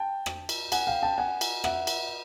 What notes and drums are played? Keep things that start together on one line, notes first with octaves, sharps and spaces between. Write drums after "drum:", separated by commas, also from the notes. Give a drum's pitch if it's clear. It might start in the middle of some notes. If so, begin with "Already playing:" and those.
Already playing: G5 A5
drum: rim click
drum: cymbal
F#5 G#5, drum: cymbal
F5 G5
G5 A5
F#5 G#5
drum: cymbal
E5 F#5, drum: rim click
drum: cymbal